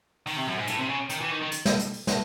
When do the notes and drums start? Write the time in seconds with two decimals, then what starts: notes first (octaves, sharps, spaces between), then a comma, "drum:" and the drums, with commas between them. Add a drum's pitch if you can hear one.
0.26 D#3, drum: open hi-hat
0.37 C3
0.47 F#2
0.58 G#2
0.67 A2, drum: hi-hat
0.78 C3
0.89 C#3
1.10 D#3, drum: hi-hat
1.20 E3
1.31 D#3
1.41 D#3
1.52 drum: hi-hat
1.65 drum: snare
1.79 drum: hi-hat
1.93 drum: open hi-hat
2.07 drum: snare